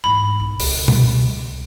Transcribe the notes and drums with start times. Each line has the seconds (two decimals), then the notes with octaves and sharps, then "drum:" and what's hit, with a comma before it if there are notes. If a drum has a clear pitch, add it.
0.04 G#2 E3 B5
0.40 B1
0.60 C#2 C3, drum: open hi-hat
0.88 drum: tom B2